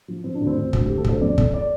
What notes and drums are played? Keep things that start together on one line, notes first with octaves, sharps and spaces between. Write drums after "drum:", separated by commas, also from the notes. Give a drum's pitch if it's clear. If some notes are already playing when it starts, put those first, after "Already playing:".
F3
F3 C4
D4
D2
C4
D2
D2, drum: kick
D2 G4
A4
D2 C5, drum: kick
F2 D5
F2, drum: kick
D5